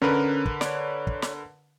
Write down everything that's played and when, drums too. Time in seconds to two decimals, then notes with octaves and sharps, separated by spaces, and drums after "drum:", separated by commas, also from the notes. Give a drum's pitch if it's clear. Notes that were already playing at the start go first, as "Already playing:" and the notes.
0.02 D3 C#4 A#4 B4
0.46 drum: kick
0.61 C#5 D5, drum: snare
1.07 drum: kick
1.22 drum: snare